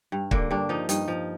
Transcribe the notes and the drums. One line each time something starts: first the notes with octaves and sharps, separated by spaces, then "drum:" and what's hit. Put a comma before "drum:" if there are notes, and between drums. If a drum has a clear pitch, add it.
G2
D3 A#3, drum: kick
G2 D4
F3 D#4
G2 D#4, drum: hi-hat
F3